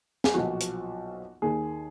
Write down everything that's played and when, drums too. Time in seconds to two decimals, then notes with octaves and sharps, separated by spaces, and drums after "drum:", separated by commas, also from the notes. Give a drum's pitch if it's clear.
0.24 G#4, drum: snare
0.34 B1 A#2 F3 F#4
0.60 drum: hi-hat
1.42 D#2 D#3 G#4